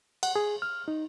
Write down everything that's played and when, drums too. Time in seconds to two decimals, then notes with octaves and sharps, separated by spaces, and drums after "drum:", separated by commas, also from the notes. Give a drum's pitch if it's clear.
0.23 F#5, drum: cymbal
0.36 G#4
0.62 F6
0.88 D#4